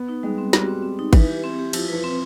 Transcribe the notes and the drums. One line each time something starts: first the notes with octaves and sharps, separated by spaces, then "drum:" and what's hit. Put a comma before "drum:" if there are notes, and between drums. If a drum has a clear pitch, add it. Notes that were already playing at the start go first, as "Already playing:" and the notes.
Already playing: B3
D#4
G3 G#3
C4
G3 F#4, drum: snare
C4
C4
D#4
E3 B4, drum: kick G#1, cymbal
G4
C4
G4
F3 E4, drum: cymbal
F3 B4
C4